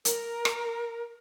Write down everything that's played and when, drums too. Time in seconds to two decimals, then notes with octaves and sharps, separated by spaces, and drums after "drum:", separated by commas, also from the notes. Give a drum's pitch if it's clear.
0.05 A#4, drum: hi-hat
0.45 drum: rim click